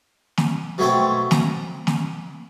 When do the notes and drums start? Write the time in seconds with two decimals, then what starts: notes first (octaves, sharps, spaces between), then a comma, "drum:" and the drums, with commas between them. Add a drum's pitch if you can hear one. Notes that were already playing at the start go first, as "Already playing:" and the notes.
0.37 drum: snare
0.78 B2 F#3 A3 C4 G5
1.31 A#5, drum: snare
1.87 drum: snare